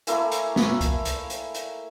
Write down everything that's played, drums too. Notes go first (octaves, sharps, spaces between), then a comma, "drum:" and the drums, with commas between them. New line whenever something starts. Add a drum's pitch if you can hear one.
A3 A#3 E4 G#5, drum: hi-hat
drum: hi-hat
drum: snare
drum: kick C2, hi-hat
drum: hi-hat
drum: hi-hat
drum: hi-hat